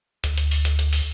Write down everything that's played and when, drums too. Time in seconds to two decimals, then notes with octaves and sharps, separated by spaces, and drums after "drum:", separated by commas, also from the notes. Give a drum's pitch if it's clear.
0.24 D2, drum: hi-hat
0.38 drum: hi-hat
0.51 drum: open hi-hat
0.65 drum: hi-hat
0.79 drum: hi-hat
0.93 drum: open hi-hat